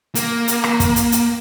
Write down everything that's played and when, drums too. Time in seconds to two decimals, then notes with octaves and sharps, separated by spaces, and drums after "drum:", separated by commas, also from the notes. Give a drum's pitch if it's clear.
0.15 A#3, drum: hi-hat
0.48 drum: hi-hat
0.64 drum: rim click
0.80 drum: kick, hi-hat
0.96 drum: hi-hat
1.12 drum: hi-hat